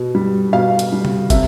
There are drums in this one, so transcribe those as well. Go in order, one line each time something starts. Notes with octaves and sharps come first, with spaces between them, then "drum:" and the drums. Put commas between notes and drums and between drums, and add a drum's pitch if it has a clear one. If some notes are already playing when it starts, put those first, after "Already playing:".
Already playing: B2
G3
B2 F5
drum: hi-hat
G3
drum: tom C3
C3 E5, drum: kick, hi-hat